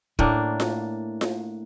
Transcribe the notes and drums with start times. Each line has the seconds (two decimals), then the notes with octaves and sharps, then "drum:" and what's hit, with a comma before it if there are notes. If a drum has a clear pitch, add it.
0.19 A2 A#3 D4, drum: kick
0.60 drum: snare F4
1.21 drum: snare F4